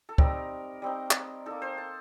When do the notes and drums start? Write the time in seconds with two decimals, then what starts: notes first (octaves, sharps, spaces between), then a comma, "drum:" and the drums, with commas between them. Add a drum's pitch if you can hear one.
0.09 A4
0.18 G3 C4 D#4 A#4, drum: kick
0.82 G3 C4 D#4
1.11 drum: clap
1.46 A#3 D#4 A4
1.62 C5
1.78 A5